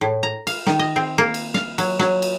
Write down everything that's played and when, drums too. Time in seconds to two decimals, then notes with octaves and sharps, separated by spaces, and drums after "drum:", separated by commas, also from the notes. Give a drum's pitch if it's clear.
0.01 A2
0.23 A#5
0.47 F5, drum: cymbal
0.67 D#3, drum: snare
0.79 D#5
0.96 C4
1.18 A#3
1.34 drum: cymbal
1.54 F5, drum: snare
1.78 F#3, drum: cymbal
1.99 F#3, drum: snare
2.22 drum: cymbal